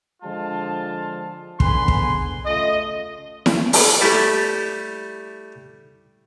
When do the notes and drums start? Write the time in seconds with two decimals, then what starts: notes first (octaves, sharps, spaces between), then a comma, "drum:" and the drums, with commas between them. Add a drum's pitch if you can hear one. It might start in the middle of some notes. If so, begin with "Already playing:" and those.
0.23 D3 F3 G#3 F4 A5
1.60 D3 B3 G#4 B4 G#5 C6, drum: kick
1.88 drum: kick
2.44 C#3 A3 F4 D#5
3.46 drum: snare E4
3.73 drum: open hi-hat
4.01 G3 A3 E4 G4